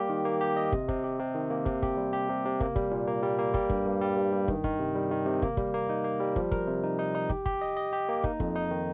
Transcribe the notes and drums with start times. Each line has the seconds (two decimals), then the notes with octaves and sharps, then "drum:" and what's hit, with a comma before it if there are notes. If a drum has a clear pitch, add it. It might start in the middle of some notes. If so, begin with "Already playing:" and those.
Already playing: G3 A#3 G4
0.09 D#3
0.25 A#3
0.41 G4
0.57 D#5
0.72 C3, drum: kick
0.89 C3, drum: kick
1.04 G4
1.19 C3
1.34 D#3
1.50 A#3
1.66 C3, drum: kick
1.82 G4, drum: kick
1.97 G3
2.13 G4
2.29 C3
2.45 C3
2.60 A#3, drum: kick
2.76 G3, drum: kick
2.91 A#2
3.07 A#3
3.23 G3
3.39 A#3
3.54 G3, drum: kick
3.70 G2, drum: kick
3.86 G2
4.01 G3
4.17 G2
4.32 G2
4.48 D#3, drum: kick
4.64 D#3, drum: kick
4.80 C3
4.95 G3
5.11 D#3
5.26 C3
5.42 A#3, drum: kick
5.57 G3, drum: kick
5.74 A#3
5.89 D#4
6.04 A#3
6.20 G3
6.36 F3, drum: kick
6.51 A#4, drum: kick
6.67 C3
6.83 D#4
6.99 D#4
7.15 D#4
7.29 G4, drum: kick
7.46 G4, drum: kick
7.61 D#5
7.77 D#5
7.93 G4
8.09 A#3
8.24 D#4, drum: kick
8.40 F2, drum: kick
8.56 D#4
8.71 D#3